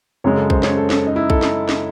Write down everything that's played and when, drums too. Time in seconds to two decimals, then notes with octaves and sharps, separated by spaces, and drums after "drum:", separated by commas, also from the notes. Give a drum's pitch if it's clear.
0.24 F#2 C#3 G#3 C#5
0.37 A4
0.50 C5, drum: kick
0.63 C#5, drum: snare
0.77 A4
0.90 A4, drum: snare
1.07 D#4
1.16 E4
1.30 A4, drum: kick
1.42 drum: snare
1.69 drum: snare